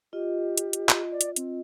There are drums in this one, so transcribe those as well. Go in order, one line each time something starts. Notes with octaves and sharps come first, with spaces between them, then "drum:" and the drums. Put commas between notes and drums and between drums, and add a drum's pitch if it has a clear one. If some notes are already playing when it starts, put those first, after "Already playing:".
F4 G4 D#5
drum: hi-hat
drum: hi-hat
drum: clap
D5
drum: hi-hat
C4, drum: hi-hat